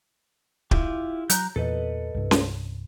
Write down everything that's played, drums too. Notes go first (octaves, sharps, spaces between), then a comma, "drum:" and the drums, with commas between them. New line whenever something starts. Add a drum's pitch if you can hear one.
E4 F4 G4, drum: kick
F#3 A#5 F#6 G6, drum: hi-hat
E2 A#2 E3 A4 B4 D#5
C2 G2
drum: snare C#4